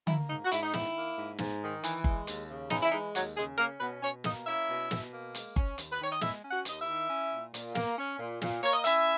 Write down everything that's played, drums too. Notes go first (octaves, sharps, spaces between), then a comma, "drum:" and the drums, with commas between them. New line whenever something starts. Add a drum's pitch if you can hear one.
A#3 E4, drum: tom D3
G#2 D#4
F#4
G#2 E4, drum: hi-hat
D#4
D#3 E4, drum: snare
A#3
G#2
G#2, drum: snare
D#3
E3, drum: hi-hat
G#3, drum: kick G1
D#2, drum: hi-hat
C#3
E3 D#4, drum: snare
E4
G#3 D#4
D#2 F#3 F#4, drum: hi-hat
C#3 G#3 G#4
A#3 C#4 A#4
B2 B3 B4
B2 C#4 C#5
A#3 D#4 D#5, drum: snare
C#4 E4 E5
B2
B2, drum: snare
A#3
G#3, drum: hi-hat
C#4, drum: kick G1
D#2, drum: hi-hat
B4
D#3 C#5
D#5
G#3 E4 E5, drum: snare
C#4
F#4 F#5
D#2 D#5, drum: hi-hat
E4 E5
D#3
C#4
A#2
A#2, drum: hi-hat
A#3, drum: snare
C#4
A#2
A#2, drum: snare
A#3 C#5
D#5
C#4 E4 E5, drum: hi-hat